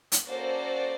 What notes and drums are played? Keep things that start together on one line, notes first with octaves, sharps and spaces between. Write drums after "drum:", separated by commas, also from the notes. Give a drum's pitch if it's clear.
drum: hi-hat
A#3 C#4 F#4 A4 C5 D5